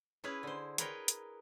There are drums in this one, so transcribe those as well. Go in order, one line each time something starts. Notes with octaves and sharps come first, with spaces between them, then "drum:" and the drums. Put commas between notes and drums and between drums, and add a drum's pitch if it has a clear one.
C#4 E4 G#4 B4
D3 C5
G#4 A#4 B4 C#5 G5 A#5, drum: hi-hat
drum: hi-hat